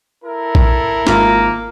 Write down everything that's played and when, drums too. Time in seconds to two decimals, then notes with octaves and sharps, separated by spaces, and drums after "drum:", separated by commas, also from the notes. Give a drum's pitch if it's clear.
0.23 E4 A4 A#4
0.55 drum: kick A#1
1.07 G#1 A#3 F4, drum: snare